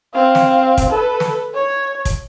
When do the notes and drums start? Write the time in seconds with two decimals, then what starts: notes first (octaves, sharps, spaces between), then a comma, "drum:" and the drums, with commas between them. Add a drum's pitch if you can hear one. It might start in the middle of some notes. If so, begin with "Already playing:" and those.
0.14 C4 F5
0.35 drum: snare
0.77 drum: kick, hi-hat
0.90 A4 B4
1.20 drum: snare
1.55 C#5
2.05 drum: kick, hi-hat